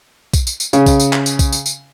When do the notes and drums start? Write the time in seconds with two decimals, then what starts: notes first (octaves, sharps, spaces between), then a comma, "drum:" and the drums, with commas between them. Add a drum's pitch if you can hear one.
0.34 drum: kick B1, tambourine
0.47 drum: tambourine
0.60 drum: tambourine
0.73 C#3, drum: tambourine
0.86 drum: kick B1, tambourine
1.00 drum: tambourine
1.13 drum: clap
1.26 drum: tambourine
1.39 drum: kick B1, tambourine
1.52 drum: tambourine
1.66 drum: tambourine